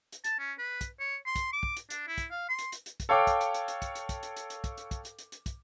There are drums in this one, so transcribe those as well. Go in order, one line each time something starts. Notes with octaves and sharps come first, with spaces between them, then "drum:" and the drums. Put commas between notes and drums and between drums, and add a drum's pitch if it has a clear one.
drum: hi-hat
A5, drum: hi-hat
C#4
B4
drum: kick, hi-hat
C#5
C6
drum: kick, hi-hat
D6
drum: kick
drum: hi-hat
D4, drum: hi-hat
E4
drum: kick, hi-hat
F5
C6
drum: hi-hat
drum: hi-hat
drum: hi-hat
drum: kick, hi-hat
A4 C#5 F5 G5 D6
drum: kick, hi-hat
drum: hi-hat
drum: hi-hat
drum: hi-hat
drum: kick, hi-hat
drum: hi-hat
drum: kick, hi-hat
drum: hi-hat
drum: hi-hat
drum: hi-hat
drum: kick, hi-hat
drum: hi-hat
drum: kick, hi-hat
drum: hi-hat
drum: hi-hat
drum: hi-hat
drum: kick, hi-hat